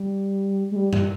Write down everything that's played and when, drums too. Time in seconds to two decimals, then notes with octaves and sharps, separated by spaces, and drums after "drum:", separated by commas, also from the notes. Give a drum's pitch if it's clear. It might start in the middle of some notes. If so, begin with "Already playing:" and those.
Already playing: G3
0.71 G#3
0.76 G3
0.93 G3, drum: tom G2